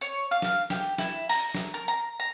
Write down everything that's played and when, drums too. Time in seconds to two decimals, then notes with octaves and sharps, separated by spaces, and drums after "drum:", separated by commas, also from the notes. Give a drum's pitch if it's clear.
0.01 C#5
0.31 F5
0.42 drum: snare
0.70 G4, drum: snare
0.98 E4, drum: snare
1.29 A#5, drum: open hi-hat
1.55 drum: snare
1.74 A#4
1.88 A#5
2.20 A#5